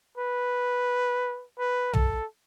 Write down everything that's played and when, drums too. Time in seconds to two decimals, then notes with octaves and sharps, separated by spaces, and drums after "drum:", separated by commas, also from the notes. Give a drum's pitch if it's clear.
0.18 B4
1.58 B4
1.93 A4, drum: tom